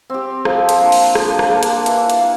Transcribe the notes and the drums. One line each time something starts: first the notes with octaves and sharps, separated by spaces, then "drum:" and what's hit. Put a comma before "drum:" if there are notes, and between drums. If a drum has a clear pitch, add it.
C4 G4
F3, drum: rim click
drum: hi-hat
A#3 D4
drum: open hi-hat
F3, drum: rim click
drum: rim click
A#3 D4
drum: hi-hat
E3, drum: hi-hat
drum: hi-hat
A#3